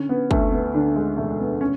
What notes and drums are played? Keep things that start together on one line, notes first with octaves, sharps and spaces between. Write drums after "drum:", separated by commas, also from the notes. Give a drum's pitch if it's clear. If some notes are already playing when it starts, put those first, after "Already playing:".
Already playing: D3 C#4
B3
D2 A3, drum: kick
B3
D3 D4
G#3
E1 A3
B3
C#4